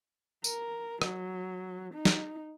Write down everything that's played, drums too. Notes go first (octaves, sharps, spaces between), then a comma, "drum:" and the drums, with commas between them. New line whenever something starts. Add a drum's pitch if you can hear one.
A#4, drum: tambourine
F#3, drum: rim click
D#4
drum: snare